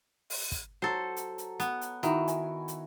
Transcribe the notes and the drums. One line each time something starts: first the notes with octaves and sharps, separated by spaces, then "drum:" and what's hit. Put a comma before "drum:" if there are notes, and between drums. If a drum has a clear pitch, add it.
drum: open hi-hat
drum: kick, hi-hat
F#3 A4 C5
drum: hi-hat
drum: hi-hat
B3, drum: hi-hat
drum: hi-hat
D#3 E4 F#4, drum: hi-hat
G#5, drum: hi-hat
drum: hi-hat